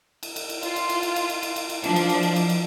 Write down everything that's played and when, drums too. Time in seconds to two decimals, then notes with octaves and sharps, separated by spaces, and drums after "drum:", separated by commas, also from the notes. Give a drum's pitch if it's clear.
0.23 drum: cymbal
0.36 drum: cymbal
0.49 drum: cymbal
0.63 F4, drum: cymbal
0.76 drum: cymbal
0.89 drum: cymbal
1.03 drum: cymbal
1.16 drum: cymbal
1.29 drum: cymbal
1.43 drum: cymbal
1.56 drum: cymbal
1.69 drum: cymbal
1.84 F3 D4, drum: cymbal
1.96 drum: cymbal
2.09 drum: cymbal
2.23 drum: cymbal
2.36 drum: cymbal
2.49 drum: cymbal